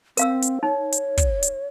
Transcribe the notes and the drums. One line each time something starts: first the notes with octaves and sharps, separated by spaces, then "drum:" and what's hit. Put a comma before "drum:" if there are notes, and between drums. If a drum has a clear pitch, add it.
C4 A#4 F5 E6, drum: hi-hat
drum: hi-hat
D#4 C#5
drum: hi-hat
drum: kick, hi-hat
drum: hi-hat